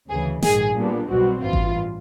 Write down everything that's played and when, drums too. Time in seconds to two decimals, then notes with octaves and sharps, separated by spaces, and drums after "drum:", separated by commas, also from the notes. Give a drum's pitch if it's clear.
0.09 D2 C#3 E3 G#4
0.43 A#1 G#2 D#3 G#4, drum: snare
0.76 A#2 G3 B3 D4
1.09 B1 B2 G3 C4 F#4
1.42 A1 G2 E3 F4
1.53 drum: kick G#1